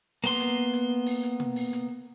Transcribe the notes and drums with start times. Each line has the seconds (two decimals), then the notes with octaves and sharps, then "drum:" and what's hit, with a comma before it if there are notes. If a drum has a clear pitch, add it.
0.24 A#3 B3 C6, drum: open hi-hat
0.40 drum: hi-hat
0.73 drum: hi-hat
1.07 drum: open hi-hat
1.23 drum: hi-hat
1.40 drum: tom B2
1.56 drum: open hi-hat
1.73 drum: hi-hat